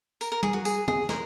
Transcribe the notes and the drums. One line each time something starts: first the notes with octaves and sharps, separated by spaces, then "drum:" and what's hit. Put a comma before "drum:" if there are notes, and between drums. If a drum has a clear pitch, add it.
A#4, drum: tambourine
A#4
G#4, drum: tom G3
F#4
G#4, drum: tambourine
G#4, drum: tom
A#4, drum: snare